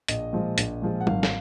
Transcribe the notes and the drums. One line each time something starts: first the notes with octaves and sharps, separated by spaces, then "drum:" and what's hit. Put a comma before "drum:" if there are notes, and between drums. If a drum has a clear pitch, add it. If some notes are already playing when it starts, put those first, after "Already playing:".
A#1 D#5, drum: hi-hat
A#2 F3 G#3
A#1, drum: hi-hat
A#2 F3 G#3
F#5
G#1 F5, drum: tom F#3
drum: snare